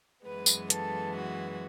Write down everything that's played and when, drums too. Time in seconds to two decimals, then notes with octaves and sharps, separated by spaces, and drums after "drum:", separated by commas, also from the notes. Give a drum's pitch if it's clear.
0.24 F#2 E3 G#3 B3 B4
0.46 drum: tambourine
0.70 A4, drum: hi-hat
1.15 F#4